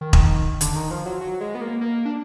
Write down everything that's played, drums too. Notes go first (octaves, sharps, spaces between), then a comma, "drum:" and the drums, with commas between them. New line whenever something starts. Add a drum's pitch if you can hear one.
D#3
drum: kick E1
D3, drum: hi-hat
D#3
F3
F#3
F#3
G#3
B3
A#3
A#3
D4